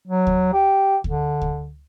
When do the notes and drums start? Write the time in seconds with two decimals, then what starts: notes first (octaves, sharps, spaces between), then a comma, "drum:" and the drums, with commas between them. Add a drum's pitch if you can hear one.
0.08 F#3
0.27 drum: kick D2
0.53 G4
1.04 D3, drum: kick D2
1.42 drum: kick D2